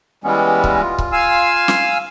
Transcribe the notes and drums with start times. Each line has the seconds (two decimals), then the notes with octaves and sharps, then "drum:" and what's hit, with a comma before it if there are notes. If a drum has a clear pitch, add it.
0.24 E3 G3 G#3 B3 C#4
0.64 drum: kick C#1
0.81 F4
0.98 drum: kick C#1
1.12 F5 G#5 E6
1.68 drum: snare